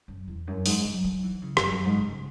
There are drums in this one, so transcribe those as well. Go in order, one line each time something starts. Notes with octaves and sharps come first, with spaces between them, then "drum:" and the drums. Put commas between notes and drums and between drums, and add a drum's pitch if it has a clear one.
F#2
E2
F#2
G#2, drum: open hi-hat
F#3
F#3
E3
C#3
F#2, drum: rim click
F#2
G#2
C#3